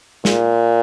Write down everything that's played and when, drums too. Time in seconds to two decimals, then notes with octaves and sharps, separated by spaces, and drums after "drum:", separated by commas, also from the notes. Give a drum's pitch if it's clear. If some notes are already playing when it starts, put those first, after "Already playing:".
0.25 A#2, drum: snare